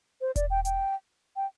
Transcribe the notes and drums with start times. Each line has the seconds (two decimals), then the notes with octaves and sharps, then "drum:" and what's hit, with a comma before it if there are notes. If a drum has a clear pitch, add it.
0.21 C5
0.36 D5, drum: kick E1, hi-hat
0.50 G5
0.65 G5, drum: hi-hat
1.36 G5